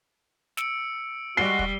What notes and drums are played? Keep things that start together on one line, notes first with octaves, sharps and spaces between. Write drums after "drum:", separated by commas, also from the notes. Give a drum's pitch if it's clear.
E6 C#7 D7, drum: snare
G3 G#3 F#4 C7 G7
drum: kick